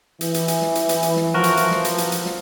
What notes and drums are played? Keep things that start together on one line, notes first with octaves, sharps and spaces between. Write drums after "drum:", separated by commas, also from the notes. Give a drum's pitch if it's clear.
E3, drum: hi-hat
drum: hi-hat
drum: hi-hat
drum: snare
drum: hi-hat
drum: hi-hat
drum: hi-hat
drum: snare
F3 F#4 A#4
drum: hi-hat
drum: hi-hat
drum: snare
drum: hi-hat
drum: hi-hat
drum: hi-hat
drum: snare